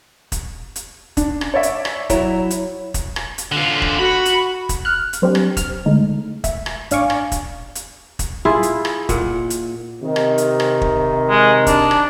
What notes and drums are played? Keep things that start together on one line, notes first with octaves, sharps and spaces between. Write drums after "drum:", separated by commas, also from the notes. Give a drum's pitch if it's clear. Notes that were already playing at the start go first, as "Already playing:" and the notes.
drum: kick, hi-hat
drum: hi-hat
D4, drum: kick, hi-hat
drum: rim click
C#5 D5 E5
drum: hi-hat
drum: rim click
F#3 E4 A#5, drum: kick, hi-hat
drum: hi-hat
drum: kick, hi-hat
drum: rim click
drum: hi-hat
D3 F4
drum: kick
F#4 B5 C#6
drum: hi-hat
drum: kick, hi-hat
F6 F#6
drum: hi-hat
F#3 C4 D4 G4
drum: rim click
F6, drum: kick, hi-hat
D3 G#3 A3 D#4
E5, drum: kick, hi-hat
drum: rim click
A1 D4 F5 G#5 C#6 D6, drum: hi-hat
drum: rim click
drum: kick, hi-hat
drum: hi-hat
drum: kick, hi-hat
E4 F4 G#4
drum: hi-hat
drum: rim click
A#2 F#5, drum: kick, hi-hat
drum: hi-hat
C3 D#3
drum: rim click
drum: hi-hat
drum: rim click
drum: kick
G#3
D4, drum: kick, hi-hat
drum: rim click